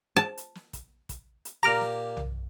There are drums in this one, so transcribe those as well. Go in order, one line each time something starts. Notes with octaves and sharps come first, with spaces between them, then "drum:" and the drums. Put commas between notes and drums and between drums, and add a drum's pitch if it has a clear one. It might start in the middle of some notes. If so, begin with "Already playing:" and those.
A5
drum: hi-hat
drum: snare
drum: kick, hi-hat
drum: kick, hi-hat
drum: hi-hat
A#2 A#3 G4 A#5 D6 F6
drum: snare
drum: tom